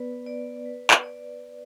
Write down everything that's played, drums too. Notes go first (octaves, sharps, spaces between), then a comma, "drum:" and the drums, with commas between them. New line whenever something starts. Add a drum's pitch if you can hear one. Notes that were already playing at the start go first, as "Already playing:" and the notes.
Already playing: B3 B4 D5
D5
B4
drum: clap
D5